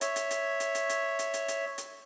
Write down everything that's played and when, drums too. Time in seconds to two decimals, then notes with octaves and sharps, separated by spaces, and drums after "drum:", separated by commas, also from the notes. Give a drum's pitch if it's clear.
0.01 C#5 E5, drum: hi-hat
0.16 drum: hi-hat
0.31 drum: hi-hat
0.60 drum: hi-hat
0.75 drum: hi-hat
0.89 drum: hi-hat
1.19 drum: hi-hat
1.34 drum: hi-hat
1.48 drum: hi-hat
1.78 drum: hi-hat